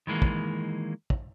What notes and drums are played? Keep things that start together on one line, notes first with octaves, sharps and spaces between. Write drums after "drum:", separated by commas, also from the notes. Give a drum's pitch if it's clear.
D#3 E3 G#3 A#3
drum: kick
drum: kick